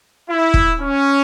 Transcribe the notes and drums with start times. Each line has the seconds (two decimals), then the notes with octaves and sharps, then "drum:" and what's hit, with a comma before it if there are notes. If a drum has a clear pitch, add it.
0.28 E4
0.54 drum: kick
0.80 C#4